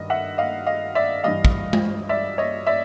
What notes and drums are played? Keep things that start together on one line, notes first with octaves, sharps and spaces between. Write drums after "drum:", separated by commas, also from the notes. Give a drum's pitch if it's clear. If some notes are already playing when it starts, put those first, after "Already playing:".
Already playing: G2 D#3 D#5
E5 F#5
D#5 F5
D#5 F5
D5 E5
G2 E3 G3 D#5 F5
drum: kick
drum: tom G#3
D5 E5
C#5 D#5
D5 E5